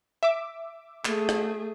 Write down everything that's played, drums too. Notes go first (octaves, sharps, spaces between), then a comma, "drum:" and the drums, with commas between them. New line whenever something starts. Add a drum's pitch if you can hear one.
E5 D6
A3 G#4, drum: clap
drum: rim click